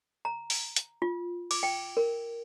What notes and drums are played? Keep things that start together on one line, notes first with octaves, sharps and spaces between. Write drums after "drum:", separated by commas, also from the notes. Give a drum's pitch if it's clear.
A#5
drum: open hi-hat
drum: hi-hat
F4
D6, drum: cymbal
G5
A#4